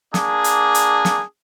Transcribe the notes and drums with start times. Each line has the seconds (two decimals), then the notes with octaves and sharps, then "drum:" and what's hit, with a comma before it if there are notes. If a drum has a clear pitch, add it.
0.14 A#3 D4 G#4, drum: snare
0.44 drum: hi-hat
0.74 drum: hi-hat
1.05 drum: snare